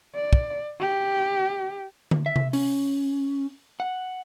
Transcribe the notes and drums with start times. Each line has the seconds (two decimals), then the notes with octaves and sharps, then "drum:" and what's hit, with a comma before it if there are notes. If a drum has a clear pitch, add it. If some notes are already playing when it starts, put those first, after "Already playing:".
0.15 D5
0.33 drum: kick
0.80 G4
2.11 drum: tom D3
2.26 E5
2.36 drum: tom C3
2.53 C#4, drum: open hi-hat
3.80 F#5